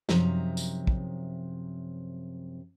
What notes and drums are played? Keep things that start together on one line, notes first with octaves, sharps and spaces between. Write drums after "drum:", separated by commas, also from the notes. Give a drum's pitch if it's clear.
F#2 C3 F3 D#4 E5 A#5, drum: snare
drum: tambourine
drum: kick